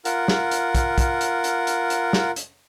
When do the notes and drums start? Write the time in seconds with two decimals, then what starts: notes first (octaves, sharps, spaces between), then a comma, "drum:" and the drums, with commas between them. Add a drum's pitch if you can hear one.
0.05 F4 A#4 F#5, drum: hi-hat
0.28 drum: snare
0.51 drum: hi-hat
0.75 drum: kick, hi-hat
0.98 drum: kick, hi-hat
1.21 drum: hi-hat
1.44 drum: hi-hat
1.67 drum: hi-hat
1.90 drum: hi-hat
2.13 drum: snare
2.36 drum: hi-hat